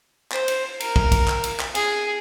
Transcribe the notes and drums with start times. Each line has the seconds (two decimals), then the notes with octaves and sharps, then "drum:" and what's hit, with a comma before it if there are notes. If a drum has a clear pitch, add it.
0.32 C5, drum: clap
0.48 drum: cymbal
0.80 A#4, drum: cymbal
0.96 drum: kick
1.12 drum: kick, cymbal
1.28 drum: clap
1.44 drum: cymbal
1.60 drum: clap
1.75 G#4, drum: cymbal